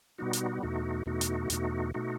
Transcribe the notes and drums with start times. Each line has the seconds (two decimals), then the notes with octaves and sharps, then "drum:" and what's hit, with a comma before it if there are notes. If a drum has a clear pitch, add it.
0.18 B2 G3 B3 D#4 F#4
0.33 drum: hi-hat
0.63 E2 B2 A3 D#4 F#4
1.06 E2 B2 A3 D#4 F#4
1.21 drum: hi-hat
1.50 E2 B2 A3 D#4 F#4, drum: hi-hat
1.94 B2 A3 D#4 F#4